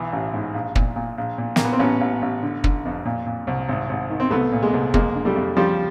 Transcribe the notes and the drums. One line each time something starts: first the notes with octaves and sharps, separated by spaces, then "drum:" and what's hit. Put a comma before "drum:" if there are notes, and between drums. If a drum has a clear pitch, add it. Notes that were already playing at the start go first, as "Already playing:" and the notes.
Already playing: B1 E3
A1
G#2
A#1
A#2, drum: kick
A#2
A#1
A#2
A#2 A#3, drum: snare
B3
C4
A1 B3 C#4
A1
A1
D3
D3, drum: kick
F2
A#2
A#2
C2
G#1
G#1
D#3
C4
C2 A3 B3
A#2
G#3 A#3
C2
F2 G#3 A#3, drum: kick
D3
G3 A3
F2
C#2 F3 G3